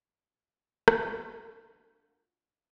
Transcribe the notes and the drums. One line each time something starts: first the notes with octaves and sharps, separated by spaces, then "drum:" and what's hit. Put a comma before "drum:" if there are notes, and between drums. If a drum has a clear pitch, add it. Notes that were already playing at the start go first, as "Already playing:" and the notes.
drum: rim click
D4 F4 F#4